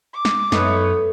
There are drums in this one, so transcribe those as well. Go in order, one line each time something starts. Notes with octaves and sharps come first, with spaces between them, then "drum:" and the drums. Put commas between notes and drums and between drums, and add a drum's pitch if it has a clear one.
D6
drum: snare
F#2 A3 B3 D#4 C#5 E5, drum: snare